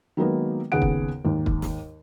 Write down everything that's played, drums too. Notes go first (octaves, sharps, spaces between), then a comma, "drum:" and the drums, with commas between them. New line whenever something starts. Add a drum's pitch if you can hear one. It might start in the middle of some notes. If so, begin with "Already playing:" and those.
D#3 F#3 G#3 A#3 B3 D#4
D#2 C#3 B3 G#4 F#5 D7
drum: kick
D#2 G#2
drum: kick
drum: snare